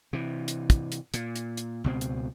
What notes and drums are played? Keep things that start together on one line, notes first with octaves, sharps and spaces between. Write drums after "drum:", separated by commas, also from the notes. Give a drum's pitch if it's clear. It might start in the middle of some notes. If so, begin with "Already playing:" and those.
C3 E3
drum: hi-hat
drum: kick, hi-hat
drum: hi-hat
A#2, drum: hi-hat
drum: hi-hat
drum: hi-hat
C#2 B2 C4
drum: hi-hat